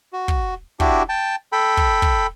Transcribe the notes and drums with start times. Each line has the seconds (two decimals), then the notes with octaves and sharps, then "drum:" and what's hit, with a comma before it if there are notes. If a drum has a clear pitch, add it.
0.13 F#4
0.28 drum: kick
0.80 D4 E4 F#4 G4, drum: kick
1.09 G5 A5
1.52 A4 G5 B5
1.77 drum: kick
2.02 drum: kick